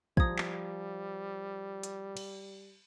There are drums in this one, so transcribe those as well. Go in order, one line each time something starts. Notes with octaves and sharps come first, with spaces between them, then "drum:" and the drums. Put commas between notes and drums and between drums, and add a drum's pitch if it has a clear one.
F3 G3 A#5 D#6 G#6, drum: kick
drum: clap
drum: hi-hat
drum: cymbal